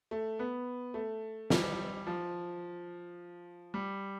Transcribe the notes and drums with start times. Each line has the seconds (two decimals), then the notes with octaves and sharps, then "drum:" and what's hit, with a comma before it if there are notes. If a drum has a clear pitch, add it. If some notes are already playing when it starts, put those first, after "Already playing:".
0.11 A3
0.39 B3
0.94 A3
1.50 G3, drum: snare
2.07 F3
3.74 G3